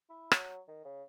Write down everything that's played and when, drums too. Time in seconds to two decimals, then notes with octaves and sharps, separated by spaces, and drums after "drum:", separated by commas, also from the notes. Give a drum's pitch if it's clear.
0.10 E4
0.32 F#3, drum: rim click
0.68 D#3
0.85 C#3